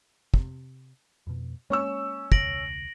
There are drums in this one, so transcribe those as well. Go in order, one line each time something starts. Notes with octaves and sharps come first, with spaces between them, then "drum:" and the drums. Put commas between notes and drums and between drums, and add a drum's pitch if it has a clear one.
C3, drum: kick
F2 B2
G#3 A#3 C#4 C#6 E6
E1 C#2 A#6 D7 F#7, drum: kick